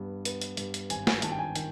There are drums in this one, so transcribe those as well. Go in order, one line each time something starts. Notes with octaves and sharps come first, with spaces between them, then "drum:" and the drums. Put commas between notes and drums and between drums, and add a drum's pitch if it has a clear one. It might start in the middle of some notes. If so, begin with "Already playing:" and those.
Already playing: G2 B3
B3, drum: hi-hat
drum: hi-hat
G2, drum: hi-hat
drum: hi-hat
G#1 G#5, drum: hi-hat
G#5, drum: snare
D#3 A5, drum: hi-hat
G5
G#5
D#3 G5, drum: hi-hat